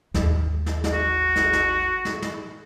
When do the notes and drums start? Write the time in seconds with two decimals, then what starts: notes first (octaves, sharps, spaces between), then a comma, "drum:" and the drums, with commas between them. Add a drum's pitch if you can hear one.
0.14 G#1 D#2, drum: snare
0.66 drum: snare
0.84 drum: snare
0.93 F#4
1.36 drum: snare
1.53 drum: snare
2.05 drum: snare
2.22 drum: snare